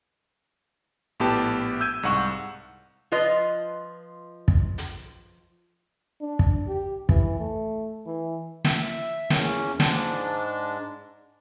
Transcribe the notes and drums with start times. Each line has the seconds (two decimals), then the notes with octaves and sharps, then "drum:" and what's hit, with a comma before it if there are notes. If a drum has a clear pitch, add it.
1.20 A#1 A2 B3 G4 A5
1.81 E6 G6 G#6 D#7
2.03 C2 G#2 F5 F#5 C#6 E7
3.12 F3 F4 B4 D#5
4.48 drum: kick
4.78 drum: hi-hat
6.21 D4
6.39 drum: kick
6.68 G4
7.09 E3, drum: kick
7.40 A3
8.06 E3
8.64 E5, drum: snare
9.30 E2 A#3 C#4, drum: snare
9.80 G#2 G#3 D4, drum: snare